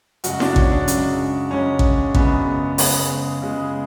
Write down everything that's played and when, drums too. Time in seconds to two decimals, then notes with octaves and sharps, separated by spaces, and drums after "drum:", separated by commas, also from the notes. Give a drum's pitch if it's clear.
0.24 F#2 C#3 G#3 F#4, drum: hi-hat
0.40 D4, drum: snare E4
0.56 C#4, drum: kick A1
0.71 D4
0.88 F#2 C#3 G#3, drum: hi-hat
1.51 F#2 C#3 G#3 C#4
1.79 drum: kick A1
2.15 F#2 C#3 G#3 B3, drum: kick A1
2.78 C#3 G#3 B3, drum: open hi-hat
3.42 C#3 G#3 B3